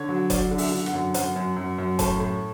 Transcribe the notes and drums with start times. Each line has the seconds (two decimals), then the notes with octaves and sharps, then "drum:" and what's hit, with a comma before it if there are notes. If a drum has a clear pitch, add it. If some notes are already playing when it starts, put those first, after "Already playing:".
Already playing: D3 C#5
0.09 F#3
0.30 F#3 D5, drum: kick F1, hi-hat
0.51 D3
0.58 E5, drum: open hi-hat
0.72 D3
0.86 F#5, drum: rim click
0.93 F#2
1.14 F#2 F#5, drum: hi-hat
1.36 F#2
1.57 F#2
1.78 F#2
1.99 A2 A5, drum: kick F1, hi-hat
2.20 A2